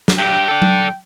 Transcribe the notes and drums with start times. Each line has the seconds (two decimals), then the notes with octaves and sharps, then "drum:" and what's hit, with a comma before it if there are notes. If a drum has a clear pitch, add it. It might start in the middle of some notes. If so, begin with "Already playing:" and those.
0.08 drum: snare
0.19 G2 G4 G5
0.48 A4 D5
0.62 drum: tom F#3